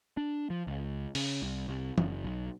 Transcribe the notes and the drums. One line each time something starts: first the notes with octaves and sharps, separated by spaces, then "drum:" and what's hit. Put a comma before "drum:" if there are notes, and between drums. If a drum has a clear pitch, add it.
D4
F3
C#2
C#3, drum: open hi-hat
C2
C2
F#1, drum: tom
B1